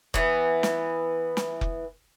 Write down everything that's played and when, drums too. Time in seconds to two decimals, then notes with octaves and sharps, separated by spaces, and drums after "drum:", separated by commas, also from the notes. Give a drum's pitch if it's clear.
0.14 E3 B3, drum: kick F1
0.63 drum: snare
1.37 drum: snare
1.61 drum: kick F1